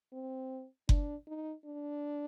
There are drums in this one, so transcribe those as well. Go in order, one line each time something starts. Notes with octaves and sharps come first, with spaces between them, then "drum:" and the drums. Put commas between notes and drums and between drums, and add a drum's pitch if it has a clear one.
C4
D4, drum: kick F#1
D#4
D4